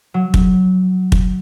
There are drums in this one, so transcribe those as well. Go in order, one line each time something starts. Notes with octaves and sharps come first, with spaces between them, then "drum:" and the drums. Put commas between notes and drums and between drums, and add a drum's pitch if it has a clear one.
F#3
drum: kick
drum: kick